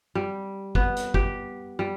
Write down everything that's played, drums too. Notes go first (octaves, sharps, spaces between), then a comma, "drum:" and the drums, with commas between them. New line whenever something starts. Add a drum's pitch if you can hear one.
G3
B3, drum: kick G1
drum: hi-hat
G4, drum: kick G1
G3